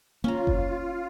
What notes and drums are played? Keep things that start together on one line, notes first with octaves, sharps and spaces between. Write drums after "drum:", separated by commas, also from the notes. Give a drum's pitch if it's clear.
A#3 C#4 F4 A#5
drum: kick F#1